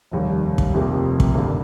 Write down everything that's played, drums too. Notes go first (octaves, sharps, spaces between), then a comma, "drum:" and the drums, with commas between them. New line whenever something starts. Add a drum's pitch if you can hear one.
F1 D#2 D#3 G3
drum: kick
F1 F2 C3 F3 A#3
drum: kick
G#1 G2 D3 G3 A#3